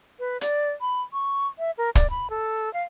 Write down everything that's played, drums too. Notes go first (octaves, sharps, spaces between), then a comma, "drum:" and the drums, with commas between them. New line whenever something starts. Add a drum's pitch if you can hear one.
B4
D5, drum: hi-hat
B5
C#6
E5
A#4
D5, drum: kick, hi-hat
B5
A4
F5